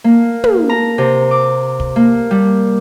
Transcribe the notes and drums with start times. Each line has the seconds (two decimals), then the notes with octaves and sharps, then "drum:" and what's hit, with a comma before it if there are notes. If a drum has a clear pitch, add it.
0.04 A#3
0.44 drum: tom
0.69 A#5
0.98 C3
1.31 D6
1.80 drum: kick
1.96 A#3
2.31 G3